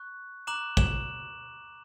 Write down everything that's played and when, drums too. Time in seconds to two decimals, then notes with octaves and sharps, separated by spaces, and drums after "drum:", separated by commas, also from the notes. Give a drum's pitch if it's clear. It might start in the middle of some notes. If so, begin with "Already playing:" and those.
Already playing: C#6 F#6
0.47 A#5 D6 F#6 E7 F#7
0.77 E7 F#7, drum: kick